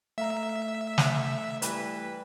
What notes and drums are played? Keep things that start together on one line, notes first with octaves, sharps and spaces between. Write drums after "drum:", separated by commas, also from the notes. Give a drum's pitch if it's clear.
A3 E5 F5 A#5
drum: snare
E3 G3 B4, drum: hi-hat